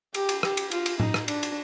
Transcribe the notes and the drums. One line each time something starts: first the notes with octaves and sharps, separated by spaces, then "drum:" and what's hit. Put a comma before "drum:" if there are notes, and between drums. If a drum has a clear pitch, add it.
G4, drum: cymbal
drum: cymbal
G4, drum: rim click
drum: cymbal
F4, drum: cymbal
drum: cymbal
D#4, drum: tom A2
drum: rim click
D4, drum: cymbal
drum: cymbal